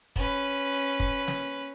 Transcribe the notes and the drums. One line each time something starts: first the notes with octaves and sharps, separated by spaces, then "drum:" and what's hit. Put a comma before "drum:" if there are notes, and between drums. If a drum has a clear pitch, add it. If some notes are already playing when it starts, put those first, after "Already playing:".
C#4 B4, drum: kick, hi-hat
drum: hi-hat
drum: kick
drum: snare